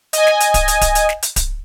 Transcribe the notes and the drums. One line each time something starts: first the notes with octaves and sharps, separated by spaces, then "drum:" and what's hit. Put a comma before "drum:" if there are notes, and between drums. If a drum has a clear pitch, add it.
D#5 G#5, drum: hi-hat
drum: snare
drum: hi-hat
drum: kick D1, hi-hat
drum: hi-hat
drum: kick D1, hi-hat
drum: hi-hat
drum: snare
drum: hi-hat
drum: kick D1, hi-hat